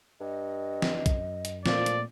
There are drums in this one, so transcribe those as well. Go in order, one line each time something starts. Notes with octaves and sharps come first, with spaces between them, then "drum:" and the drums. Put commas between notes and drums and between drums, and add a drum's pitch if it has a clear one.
G2 D#5
drum: snare
F#2, drum: kick, hi-hat
drum: hi-hat
A#2 F3 A3 A#4 D5, drum: snare
drum: hi-hat